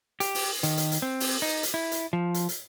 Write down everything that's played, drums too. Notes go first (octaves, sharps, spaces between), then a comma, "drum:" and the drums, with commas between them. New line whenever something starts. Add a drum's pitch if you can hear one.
G4, drum: hi-hat
drum: open hi-hat
D#3, drum: hi-hat
drum: hi-hat
drum: hi-hat
C4
drum: open hi-hat
D#4
drum: hi-hat
E4
drum: hi-hat
F3
drum: hi-hat
drum: hi-hat